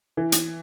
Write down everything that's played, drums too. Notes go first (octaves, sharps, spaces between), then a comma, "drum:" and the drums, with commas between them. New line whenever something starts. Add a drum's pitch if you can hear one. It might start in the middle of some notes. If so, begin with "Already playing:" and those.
E3
drum: hi-hat